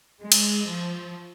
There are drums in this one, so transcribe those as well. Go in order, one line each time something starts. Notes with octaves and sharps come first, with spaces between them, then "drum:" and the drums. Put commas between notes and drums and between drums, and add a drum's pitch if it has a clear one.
G#3
drum: cymbal
F3